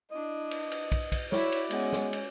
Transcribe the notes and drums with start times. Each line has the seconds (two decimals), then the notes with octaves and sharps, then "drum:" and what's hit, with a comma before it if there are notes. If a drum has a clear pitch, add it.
0.11 D4 E4 D#5
0.51 drum: cymbal
0.71 drum: cymbal
0.92 drum: kick, cymbal
1.12 drum: kick, cymbal
1.32 E4 F#4 C#5 D5 E5, drum: snare
1.52 drum: cymbal
1.71 G#3 B3 C#4, drum: cymbal
1.93 drum: snare
2.13 drum: cymbal